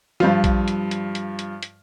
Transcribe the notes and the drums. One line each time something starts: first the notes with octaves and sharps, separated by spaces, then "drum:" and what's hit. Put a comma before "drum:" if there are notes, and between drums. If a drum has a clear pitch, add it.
G2 F3 F4, drum: snare
drum: kick A#1, hi-hat
drum: hi-hat
drum: hi-hat
drum: hi-hat
drum: hi-hat
drum: hi-hat